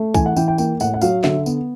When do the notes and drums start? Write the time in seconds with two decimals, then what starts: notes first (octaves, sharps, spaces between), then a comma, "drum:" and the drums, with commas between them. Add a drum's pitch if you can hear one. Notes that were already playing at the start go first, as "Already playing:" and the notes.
Already playing: A3
0.14 E3 G#5, drum: kick C2, tambourine
0.26 F#5
0.36 E3 G5, drum: tambourine
0.48 G5
0.58 A#3 G5, drum: tambourine
0.80 A2 F#5, drum: tambourine
0.94 F#5
1.01 F#3 F5, drum: tambourine
1.24 D3 E5, drum: snare
1.46 B3, drum: tambourine